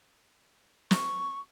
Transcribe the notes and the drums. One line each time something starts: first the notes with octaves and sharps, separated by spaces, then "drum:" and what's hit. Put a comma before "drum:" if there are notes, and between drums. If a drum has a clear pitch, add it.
C#6, drum: snare